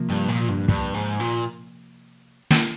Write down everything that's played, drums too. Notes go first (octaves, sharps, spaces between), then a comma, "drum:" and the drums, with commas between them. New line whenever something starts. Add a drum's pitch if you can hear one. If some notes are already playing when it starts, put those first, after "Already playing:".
Already playing: C3 F3 A#3
G2
A#2
G2
G2, drum: kick
G#2
A#2
drum: snare